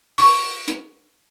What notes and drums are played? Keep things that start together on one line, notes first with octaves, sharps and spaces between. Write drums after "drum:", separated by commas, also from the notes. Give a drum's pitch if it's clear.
C#6, drum: open hi-hat
drum: hi-hat